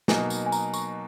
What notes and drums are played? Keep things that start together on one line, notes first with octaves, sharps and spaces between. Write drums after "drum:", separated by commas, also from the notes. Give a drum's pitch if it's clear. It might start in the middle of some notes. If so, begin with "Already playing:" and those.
B2 F#3 A#3 D#4 G#5, drum: snare
drum: tambourine
G#5
A#5, drum: tambourine
C#6, drum: tambourine